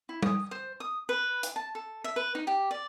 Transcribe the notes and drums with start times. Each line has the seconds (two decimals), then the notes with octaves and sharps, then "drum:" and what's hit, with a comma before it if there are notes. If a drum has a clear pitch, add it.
0.09 E4
0.22 D#6, drum: tom G3
0.51 C5
0.80 D#6
1.09 B4
1.43 drum: hi-hat
1.56 A5
1.75 A4
2.04 E5
2.16 B4
2.35 D#4
2.47 G4
2.71 D5